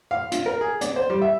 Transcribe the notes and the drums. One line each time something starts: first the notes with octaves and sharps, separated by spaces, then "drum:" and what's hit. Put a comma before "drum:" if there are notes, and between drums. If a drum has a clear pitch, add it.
F5
F4, drum: hi-hat
A#4
G#4
D5, drum: hi-hat
C5
G3
E5